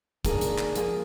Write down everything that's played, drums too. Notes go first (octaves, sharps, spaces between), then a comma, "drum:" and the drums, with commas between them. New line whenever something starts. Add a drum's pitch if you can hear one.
D#3 A#3 D4 G#4, drum: kick, hi-hat
drum: hi-hat
drum: clap
F3 A#3 F4 G#4, drum: hi-hat